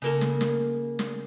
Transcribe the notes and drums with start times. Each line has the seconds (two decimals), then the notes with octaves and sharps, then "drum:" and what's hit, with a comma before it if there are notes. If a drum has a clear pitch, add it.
0.02 C#3 A#3 A4
0.21 drum: snare
0.41 drum: snare
0.99 drum: snare